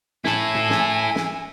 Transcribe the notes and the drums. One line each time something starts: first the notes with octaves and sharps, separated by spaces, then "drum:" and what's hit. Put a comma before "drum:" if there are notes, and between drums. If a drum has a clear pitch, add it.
E4 A4 G#5, drum: snare
drum: tom G#2
drum: snare
drum: snare